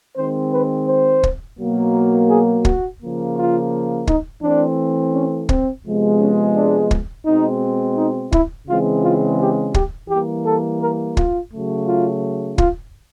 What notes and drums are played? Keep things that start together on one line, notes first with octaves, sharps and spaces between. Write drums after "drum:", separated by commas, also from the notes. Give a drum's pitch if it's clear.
D#3 G#3 C4 C5
B4
C5
drum: kick
B2 F#3 A#3
G#4
F#4, drum: kick
C#3 F3 A#3
F4
D#4, drum: kick
E3 A3 C4 D4
C#4
C4, drum: kick
C3 F3 G#3 B3
C#4
D4
drum: kick
B2 G#3 C4 D#4
D#4
E4, drum: kick
C#3 E3 G#3 C4 F4
F4
G4
G4, drum: kick
E3 G3 A#3 G4
A4
A#4
F4, drum: kick
C#3 F#3 A3
F4
F4, drum: kick